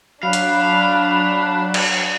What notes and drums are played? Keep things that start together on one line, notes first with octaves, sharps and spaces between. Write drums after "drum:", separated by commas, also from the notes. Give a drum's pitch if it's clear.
F#3 D4 F5 B5 F#6
drum: hi-hat
drum: cymbal